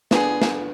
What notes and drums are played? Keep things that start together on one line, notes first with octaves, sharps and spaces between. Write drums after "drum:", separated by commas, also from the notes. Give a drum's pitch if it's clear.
B3 D4 G#4, drum: snare
drum: snare